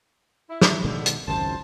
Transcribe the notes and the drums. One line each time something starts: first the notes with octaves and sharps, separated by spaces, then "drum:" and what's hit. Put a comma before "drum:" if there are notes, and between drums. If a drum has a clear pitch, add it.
E4
drum: snare
B2 D3 D#3 G#3
drum: hi-hat
G#1 C#2 F#2 C5 A5